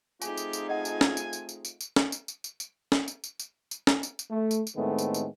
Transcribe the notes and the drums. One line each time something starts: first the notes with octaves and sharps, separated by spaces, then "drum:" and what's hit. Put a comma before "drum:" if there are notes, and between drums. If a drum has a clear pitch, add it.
A3 C4 D#4 F4 G4 G#4 G#5, drum: tambourine
drum: tambourine
drum: tambourine
D#5 F#5 G#5
drum: tambourine
drum: snare
drum: tambourine
drum: tambourine
drum: tambourine
drum: tambourine
drum: tambourine
drum: snare
drum: tambourine
drum: tambourine
drum: tambourine
drum: tambourine
drum: snare
drum: tambourine
drum: tambourine
drum: tambourine
drum: tambourine
drum: snare
drum: tambourine
drum: tambourine
A3
drum: tambourine
drum: tambourine
A2 D#3 G#3 A3 B3 C4
drum: tambourine
drum: tambourine